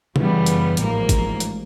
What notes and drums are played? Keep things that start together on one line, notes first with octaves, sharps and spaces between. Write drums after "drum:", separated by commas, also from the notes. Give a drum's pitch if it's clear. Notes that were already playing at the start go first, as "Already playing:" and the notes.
F#2 C#3 E3 G3 B3, drum: tom C3
drum: hi-hat
A1 G#2 F3 A#3, drum: hi-hat
drum: kick, hi-hat
drum: hi-hat